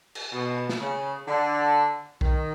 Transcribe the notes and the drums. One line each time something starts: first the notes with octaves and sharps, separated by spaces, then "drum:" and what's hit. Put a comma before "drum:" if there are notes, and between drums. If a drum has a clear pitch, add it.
drum: cymbal
B2
drum: snare
C#3
D3
D#3, drum: kick B1